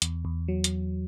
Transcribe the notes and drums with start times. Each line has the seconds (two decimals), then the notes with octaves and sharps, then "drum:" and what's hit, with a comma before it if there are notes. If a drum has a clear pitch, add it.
0.02 E2, drum: hi-hat
0.25 E2
0.48 F#3
0.64 drum: hi-hat